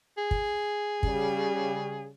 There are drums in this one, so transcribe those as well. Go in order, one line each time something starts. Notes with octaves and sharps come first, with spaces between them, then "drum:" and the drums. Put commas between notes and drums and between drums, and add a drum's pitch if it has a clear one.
G#4
drum: kick
C#3 G3, drum: kick